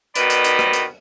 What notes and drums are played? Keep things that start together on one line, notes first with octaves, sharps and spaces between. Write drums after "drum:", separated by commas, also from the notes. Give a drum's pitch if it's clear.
B2 D#3 B4 D5 D#5 B5, drum: hi-hat
drum: hi-hat
drum: hi-hat
drum: rim click
drum: hi-hat